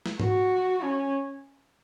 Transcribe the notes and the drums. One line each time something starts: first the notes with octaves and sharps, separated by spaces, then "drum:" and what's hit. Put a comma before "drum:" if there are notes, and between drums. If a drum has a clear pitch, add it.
drum: snare
F#4, drum: tom G#2
C#4